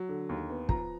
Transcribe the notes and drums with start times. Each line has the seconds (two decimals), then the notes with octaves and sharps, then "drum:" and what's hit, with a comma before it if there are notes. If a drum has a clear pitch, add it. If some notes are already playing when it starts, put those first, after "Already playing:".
Already playing: F#3
0.09 D3
0.29 D#2
0.50 B3
0.69 F3 A#5, drum: kick